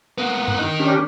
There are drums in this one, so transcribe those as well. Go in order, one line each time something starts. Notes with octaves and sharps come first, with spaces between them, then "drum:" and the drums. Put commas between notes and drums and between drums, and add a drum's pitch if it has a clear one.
A#3 B3 F#6
drum: tom F#2
D#3 D#4
C#4 D4 G4